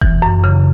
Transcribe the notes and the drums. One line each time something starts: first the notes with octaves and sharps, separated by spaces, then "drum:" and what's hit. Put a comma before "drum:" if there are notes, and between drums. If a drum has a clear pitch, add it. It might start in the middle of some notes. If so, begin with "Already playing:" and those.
E3, drum: kick F1
F#2
C#3